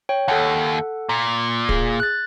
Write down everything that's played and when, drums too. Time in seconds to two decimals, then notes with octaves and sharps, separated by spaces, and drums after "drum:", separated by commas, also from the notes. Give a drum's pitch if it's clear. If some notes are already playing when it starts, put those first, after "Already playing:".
0.09 C#5 G5
0.28 D#2 A4 F#5
1.09 A#2 A#5
1.69 G#4, drum: kick
2.00 F#6 A6